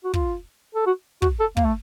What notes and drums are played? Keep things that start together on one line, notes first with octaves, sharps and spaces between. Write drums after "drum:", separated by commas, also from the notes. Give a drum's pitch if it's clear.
F#4
F4, drum: kick
A4
F#4
F#4, drum: kick
A4
A#3, drum: kick
A3